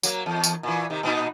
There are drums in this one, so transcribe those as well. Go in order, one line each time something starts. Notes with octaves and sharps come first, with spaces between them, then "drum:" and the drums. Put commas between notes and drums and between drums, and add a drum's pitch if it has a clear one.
F#3 A#3, drum: tambourine
E2
drum: tambourine
A#2 E3
C3 D#3
A#2 B3 D#4